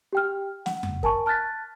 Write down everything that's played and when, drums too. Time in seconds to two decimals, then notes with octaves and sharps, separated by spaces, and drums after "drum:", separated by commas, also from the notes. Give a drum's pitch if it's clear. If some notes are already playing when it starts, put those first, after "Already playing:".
0.13 G4 G5 F6
0.66 F#5, drum: snare
0.83 drum: tom F2
1.03 A#4 G#5 A5 C#6, drum: kick
1.26 A5 F6 F#6 A6 B6